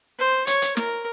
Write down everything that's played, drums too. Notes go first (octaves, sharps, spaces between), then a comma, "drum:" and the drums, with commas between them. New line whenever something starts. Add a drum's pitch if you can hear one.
C5
C#5, drum: hi-hat
drum: hi-hat
A#4, drum: snare